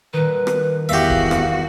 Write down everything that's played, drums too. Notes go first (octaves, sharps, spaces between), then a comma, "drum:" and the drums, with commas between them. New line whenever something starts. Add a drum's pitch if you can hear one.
D#1 D#3 B4
drum: rim click
E2 F#4 G4 E5 F5
drum: kick D1
drum: rim click